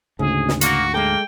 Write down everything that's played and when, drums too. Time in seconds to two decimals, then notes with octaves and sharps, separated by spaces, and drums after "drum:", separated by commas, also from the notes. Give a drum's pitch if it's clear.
0.19 D2 G#2 C#3 G#4
0.49 drum: snare
0.61 A#3 F#4, drum: hi-hat
0.94 G#3 A#3 A4 G5